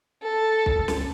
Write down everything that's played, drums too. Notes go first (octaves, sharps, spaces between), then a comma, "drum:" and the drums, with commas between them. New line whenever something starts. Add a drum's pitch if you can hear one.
A4
drum: kick
drum: snare